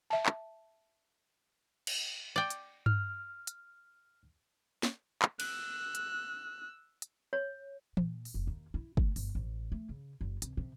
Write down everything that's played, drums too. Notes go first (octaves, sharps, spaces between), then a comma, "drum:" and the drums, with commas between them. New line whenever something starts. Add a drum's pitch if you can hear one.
E5 A5
drum: clap
drum: cymbal
D5 G5
drum: hi-hat
F6, drum: tom G2
drum: hi-hat
drum: snare
drum: clap
E6 F#6, drum: cymbal
drum: hi-hat
drum: hi-hat
C#5
A#2, drum: tom E3
drum: open hi-hat
F1
D#2
E4
A3, drum: kick
G1, drum: open hi-hat
A1
A3
C#3
F#1
C2, drum: hi-hat
C3